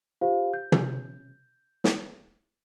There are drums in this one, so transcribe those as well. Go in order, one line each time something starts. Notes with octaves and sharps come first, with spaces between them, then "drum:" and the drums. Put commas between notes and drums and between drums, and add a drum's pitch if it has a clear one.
F4 G4 C5 F5
G6
drum: tom
drum: snare